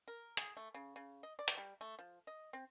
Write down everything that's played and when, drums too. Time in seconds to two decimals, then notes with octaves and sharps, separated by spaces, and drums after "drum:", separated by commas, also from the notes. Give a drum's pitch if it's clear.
0.08 A#4
0.37 G#4, drum: hi-hat
0.57 A3
0.74 C#3
0.96 C#3
1.23 D#5
1.39 D5
1.48 drum: hi-hat
1.57 G3
1.81 A3
1.99 F3
2.27 D#5
2.53 C4